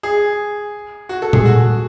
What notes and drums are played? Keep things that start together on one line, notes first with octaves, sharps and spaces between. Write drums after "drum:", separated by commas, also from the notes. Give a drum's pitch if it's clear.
G#4
F#4
A4
G#4, drum: tom A#2
F#4